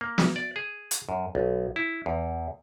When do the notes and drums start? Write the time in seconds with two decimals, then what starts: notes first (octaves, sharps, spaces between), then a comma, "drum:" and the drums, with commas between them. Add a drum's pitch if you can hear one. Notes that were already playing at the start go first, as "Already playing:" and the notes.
0.01 A#3
0.18 drum: snare
0.36 D5
0.56 G#4
0.91 drum: hi-hat
1.09 F#2
1.35 B1
1.76 E4
2.06 E2